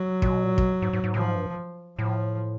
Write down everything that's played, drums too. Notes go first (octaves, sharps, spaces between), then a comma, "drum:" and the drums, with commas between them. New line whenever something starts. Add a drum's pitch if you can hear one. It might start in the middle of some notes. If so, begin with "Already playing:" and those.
Already playing: F#3
A#2, drum: kick
B2
A#2
B2, drum: kick
G#2
G#2
G#2
A2 F3
G#2
G2
A2 F3